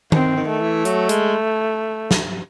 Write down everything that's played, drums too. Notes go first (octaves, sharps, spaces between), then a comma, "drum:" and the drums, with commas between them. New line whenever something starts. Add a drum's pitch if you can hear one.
D#3 C4, drum: tom D#3
D#3
A3
E3
F#3, drum: hi-hat
G#3, drum: hi-hat
drum: snare